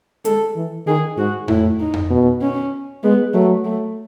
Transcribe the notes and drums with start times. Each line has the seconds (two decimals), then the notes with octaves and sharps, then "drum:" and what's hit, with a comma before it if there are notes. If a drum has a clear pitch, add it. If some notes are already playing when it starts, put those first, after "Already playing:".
0.25 G#3 A4, drum: hi-hat
0.56 E3
0.87 D#3 G#4
1.17 G#2 F#4
1.48 A2 E4, drum: tom F2
1.80 D#4
1.94 drum: tom F2
2.11 B2
2.41 C#4
3.04 G#3 B3
3.34 F#3 A3
3.65 A3